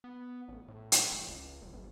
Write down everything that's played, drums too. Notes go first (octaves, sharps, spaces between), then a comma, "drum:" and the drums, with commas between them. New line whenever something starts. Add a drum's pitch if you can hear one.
B3
A1
A2
drum: hi-hat
F1
C#2
D#1
G1